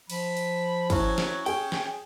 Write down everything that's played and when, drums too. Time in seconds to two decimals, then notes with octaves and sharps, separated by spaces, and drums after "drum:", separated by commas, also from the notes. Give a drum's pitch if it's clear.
0.10 F3 B5, drum: cymbal
0.37 drum: cymbal
0.90 F#3 C#4 E4 C#5, drum: kick, cymbal
1.18 drum: snare
1.46 C#4 G#4 G5, drum: cymbal
1.72 drum: snare